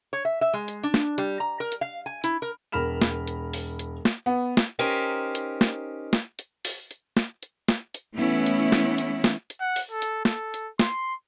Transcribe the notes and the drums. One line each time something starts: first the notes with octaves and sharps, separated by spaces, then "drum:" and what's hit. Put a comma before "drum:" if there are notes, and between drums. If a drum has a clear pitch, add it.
C#5
E5
E5
G#3
drum: hi-hat
D4
drum: snare
G3, drum: hi-hat
A#5
A#4
drum: hi-hat
F5
G#5
E4, drum: hi-hat
A#4
E1 A#4 B5 F6 E7
drum: snare
drum: hi-hat
drum: open hi-hat
drum: hi-hat
drum: snare
B3
drum: snare
C#4 D#4 G4 A#4 C5
drum: hi-hat
drum: snare
drum: snare
drum: hi-hat
drum: open hi-hat
drum: hi-hat
drum: snare
drum: hi-hat
drum: snare
drum: hi-hat
E3 A3 B3 C#4 E4
drum: hi-hat
drum: snare
drum: hi-hat
drum: snare
drum: hi-hat
F#5
drum: open hi-hat
A4
drum: hi-hat
A4, drum: snare
drum: hi-hat
C6, drum: snare